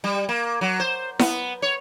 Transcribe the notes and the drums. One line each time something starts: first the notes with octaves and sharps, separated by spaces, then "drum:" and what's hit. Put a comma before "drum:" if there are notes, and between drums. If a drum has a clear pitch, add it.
G3
A#3
F#3
C5
B3, drum: snare E4
C#5